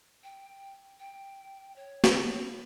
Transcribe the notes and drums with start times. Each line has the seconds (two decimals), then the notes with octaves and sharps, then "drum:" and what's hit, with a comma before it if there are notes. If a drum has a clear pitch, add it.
0.23 G5
1.00 G5
1.76 C#5
2.04 drum: snare